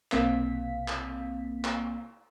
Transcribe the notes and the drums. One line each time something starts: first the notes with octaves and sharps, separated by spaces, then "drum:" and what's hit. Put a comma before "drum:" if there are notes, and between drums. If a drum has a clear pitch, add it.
B1 C3 A#3 C4 F5 B6, drum: clap
drum: clap
drum: clap